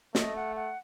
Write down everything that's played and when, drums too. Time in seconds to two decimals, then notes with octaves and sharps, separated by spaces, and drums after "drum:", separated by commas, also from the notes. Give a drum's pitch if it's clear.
0.15 A3 D#5, drum: snare
0.36 F#5
0.56 F#5